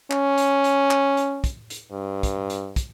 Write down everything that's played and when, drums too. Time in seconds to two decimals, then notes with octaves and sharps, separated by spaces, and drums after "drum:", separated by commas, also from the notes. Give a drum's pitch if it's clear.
0.11 C#4, drum: clap
0.38 drum: hi-hat
0.64 drum: hi-hat
0.91 drum: clap
1.17 drum: hi-hat
1.44 drum: kick, hi-hat
1.70 drum: hi-hat
1.92 G2
2.23 drum: kick, hi-hat
2.50 drum: hi-hat
2.76 drum: kick, hi-hat